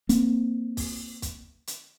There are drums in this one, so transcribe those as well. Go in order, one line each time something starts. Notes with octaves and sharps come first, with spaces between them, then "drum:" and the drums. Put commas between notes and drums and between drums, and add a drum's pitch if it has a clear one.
A#3 C4, drum: hi-hat
drum: kick, open hi-hat
drum: kick, hi-hat
drum: hi-hat